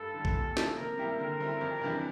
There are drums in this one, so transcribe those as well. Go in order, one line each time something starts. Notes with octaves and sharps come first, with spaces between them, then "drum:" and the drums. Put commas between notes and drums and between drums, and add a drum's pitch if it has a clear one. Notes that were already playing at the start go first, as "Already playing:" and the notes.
Already playing: G2 A4
D3 G3
drum: kick A1
A#2
F3 A3, drum: snare
C3 A#4
G3 A#3 E4 G4
D3 A#4
G3 C4 E4
F2
C3 E3 G3 D4